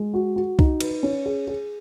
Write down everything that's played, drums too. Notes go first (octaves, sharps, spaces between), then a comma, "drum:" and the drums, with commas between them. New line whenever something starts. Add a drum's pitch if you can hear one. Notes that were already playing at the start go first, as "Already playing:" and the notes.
Already playing: G#3
F#4
F#4
D#4, drum: kick C2
B4, drum: cymbal
C#4
G#4
G#4